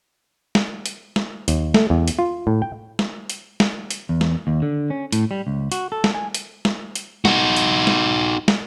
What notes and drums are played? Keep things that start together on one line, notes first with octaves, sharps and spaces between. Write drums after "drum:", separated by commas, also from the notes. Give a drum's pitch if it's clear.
drum: snare
drum: hi-hat
drum: snare
D#2, drum: hi-hat
A3, drum: snare
E2
drum: hi-hat
F4
A2
G5
drum: snare
drum: hi-hat
drum: snare
drum: hi-hat
E2
drum: snare
D#2
D3
C#4
A2, drum: hi-hat
G3
C#2
F#4, drum: hi-hat
A4
drum: snare
G#5
drum: hi-hat
drum: snare
drum: hi-hat
D#4 F#4, drum: snare
drum: hi-hat
drum: snare
drum: snare